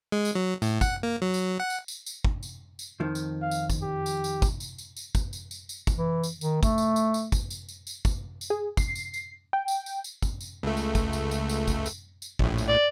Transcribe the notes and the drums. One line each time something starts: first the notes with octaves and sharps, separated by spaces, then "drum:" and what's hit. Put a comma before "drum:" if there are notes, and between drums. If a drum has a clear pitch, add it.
G#3
drum: tambourine
F#3
A2, drum: tambourine
F#5, drum: kick, tambourine
A#3
F#3
drum: tambourine
F#5
drum: tambourine
drum: tambourine
drum: tambourine
drum: kick
drum: tambourine
drum: tambourine
F2 D#3 F3
drum: tambourine
F5
drum: tambourine
drum: kick, tambourine
G4
drum: tambourine
drum: tambourine
drum: kick, tambourine
drum: tambourine
drum: tambourine
drum: tambourine
drum: kick, tambourine
drum: tambourine
drum: tambourine
drum: tambourine
drum: kick, tambourine
E3
drum: tambourine
D#3, drum: tambourine
A3, drum: kick, tambourine
drum: tambourine
drum: tambourine
drum: tambourine
drum: kick, tambourine
drum: tambourine
drum: tambourine
drum: tambourine
drum: kick, tambourine
drum: tambourine
G#4
C7, drum: kick, tambourine
drum: tambourine
drum: tambourine
G5
drum: tambourine
drum: tambourine
drum: tambourine
drum: kick, tambourine
drum: tambourine
C#2 A3
drum: tambourine
drum: kick, tambourine
drum: tambourine
drum: tambourine
drum: tambourine
drum: kick, tambourine
drum: tambourine
drum: tambourine
A#1 A2, drum: kick
drum: tambourine
D5